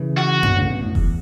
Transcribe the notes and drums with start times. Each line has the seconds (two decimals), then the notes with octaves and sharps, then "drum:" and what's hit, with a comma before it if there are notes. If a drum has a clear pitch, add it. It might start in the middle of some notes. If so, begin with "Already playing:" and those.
Already playing: C#3 E3
0.18 F#4
0.43 B2 D3, drum: tom F#2
0.56 A2 C#3
0.69 G2 B2
0.82 F#2 A2
0.95 E2, drum: kick E1